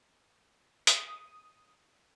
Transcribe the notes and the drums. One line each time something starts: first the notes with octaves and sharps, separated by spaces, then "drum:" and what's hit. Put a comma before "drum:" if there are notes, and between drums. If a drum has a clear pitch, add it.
D#6, drum: hi-hat